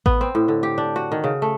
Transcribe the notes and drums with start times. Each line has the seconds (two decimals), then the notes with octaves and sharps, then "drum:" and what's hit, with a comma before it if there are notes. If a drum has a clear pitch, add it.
0.06 B3, drum: kick A1
0.21 C4
0.35 A2
0.48 D3
0.63 G4
0.78 D4
0.96 F#4
1.12 D#3
1.24 C#3
1.42 A3